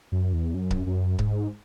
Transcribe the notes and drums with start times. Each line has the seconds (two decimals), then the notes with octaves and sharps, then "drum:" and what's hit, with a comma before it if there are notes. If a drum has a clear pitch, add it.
0.12 F#2
0.33 E2
0.54 F#2
0.71 drum: kick C#1
0.86 F#2
1.19 G#2, drum: kick C#1